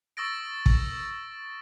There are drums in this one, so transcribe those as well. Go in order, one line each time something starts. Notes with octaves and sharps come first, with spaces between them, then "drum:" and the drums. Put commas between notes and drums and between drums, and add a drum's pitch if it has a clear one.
C#6 D#6 E6 A6 A#6 D7
drum: kick